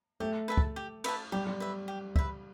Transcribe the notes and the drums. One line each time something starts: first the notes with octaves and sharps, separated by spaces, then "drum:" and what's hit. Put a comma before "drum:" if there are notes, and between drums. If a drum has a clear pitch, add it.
A3 G4
B4 E5 A5
drum: kick
G4
B4 E5 A5, drum: cymbal
G3 G4
G3
B4 E5
G4
B4 E5, drum: kick